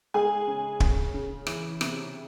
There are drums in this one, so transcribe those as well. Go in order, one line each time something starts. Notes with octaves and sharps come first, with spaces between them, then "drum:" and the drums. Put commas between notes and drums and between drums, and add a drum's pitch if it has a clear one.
G#3 G#4 G#5
C#3
C#3, drum: kick
C#3
E3, drum: rim click
C3, drum: rim click